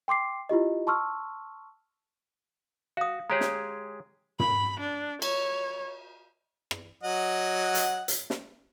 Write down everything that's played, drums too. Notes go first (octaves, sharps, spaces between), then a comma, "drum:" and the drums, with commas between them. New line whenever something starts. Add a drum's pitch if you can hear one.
G5 C6 D6 C7
E4 F4 G4 D#5
A5 C6 C#6 E6 F6
F#4 F5 D#6
G#3 G4 G#4 C#5 A#5
drum: snare
B5, drum: tom
D4
C#5, drum: cymbal
drum: rim click
F#3 D#5 F#5
drum: hi-hat
drum: hi-hat
drum: snare